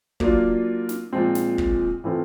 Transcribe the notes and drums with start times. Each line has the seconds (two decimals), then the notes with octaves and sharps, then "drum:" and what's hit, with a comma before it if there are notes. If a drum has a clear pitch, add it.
0.20 F#3 A#3 D4 F4, drum: kick
0.89 drum: snare
1.13 A#2 F3 G#3 C4
1.35 drum: snare
1.58 drum: kick
2.04 A2 E3 A3 C4 F4